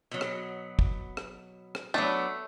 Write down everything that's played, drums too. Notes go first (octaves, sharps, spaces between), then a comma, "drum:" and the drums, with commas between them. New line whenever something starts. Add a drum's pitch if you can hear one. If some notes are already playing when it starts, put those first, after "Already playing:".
B2 F#3
drum: rim click
drum: kick
drum: rim click
drum: rim click
F#3 A3 B3 D4